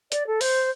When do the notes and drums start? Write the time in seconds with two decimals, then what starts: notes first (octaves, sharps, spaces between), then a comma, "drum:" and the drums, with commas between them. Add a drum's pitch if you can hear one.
0.12 D5, drum: hi-hat
0.27 A4
0.41 C5, drum: open hi-hat